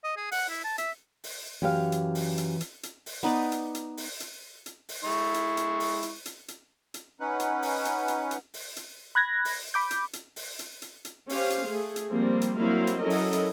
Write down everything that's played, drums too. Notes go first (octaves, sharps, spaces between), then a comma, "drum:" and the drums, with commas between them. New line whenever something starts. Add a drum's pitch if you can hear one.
D#5
G#4
F#5, drum: open hi-hat
E4
A5
E5, drum: hi-hat
drum: open hi-hat
F#2 E3 G4 F5
drum: hi-hat
drum: open hi-hat
drum: hi-hat
drum: hi-hat
drum: hi-hat
drum: open hi-hat
B3 D#4 B4 D5
drum: hi-hat
drum: hi-hat
drum: open hi-hat
drum: hi-hat
drum: hi-hat
drum: open hi-hat
G#3 E4 C#6
drum: hi-hat
drum: hi-hat
drum: open hi-hat
drum: hi-hat
drum: hi-hat
drum: hi-hat
drum: hi-hat
C#4 D#4 B4 F#5
drum: hi-hat
drum: open hi-hat
drum: hi-hat
drum: hi-hat
drum: hi-hat
drum: open hi-hat
drum: hi-hat
B5 F#6 G#6 A#6
drum: open hi-hat
B5 D6 G6
drum: hi-hat
drum: hi-hat
drum: open hi-hat
drum: hi-hat
drum: hi-hat
drum: hi-hat
C#4 G4 C5 F5, drum: open hi-hat
drum: hi-hat
A3 G#4
drum: hi-hat
F3 G3 A#3 C4
drum: hi-hat
F#3 G3 A#3 C4 E4 F5
drum: hi-hat
F#3 C#4 E4 A4 A#4 D#5
drum: open hi-hat
drum: hi-hat